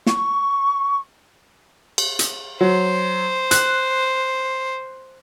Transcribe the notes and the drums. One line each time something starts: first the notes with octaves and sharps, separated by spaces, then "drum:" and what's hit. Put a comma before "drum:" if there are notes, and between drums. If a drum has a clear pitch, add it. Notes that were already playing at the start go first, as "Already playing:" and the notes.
C#6, drum: snare
drum: cymbal
drum: hi-hat
F#3 C5
F#6, drum: hi-hat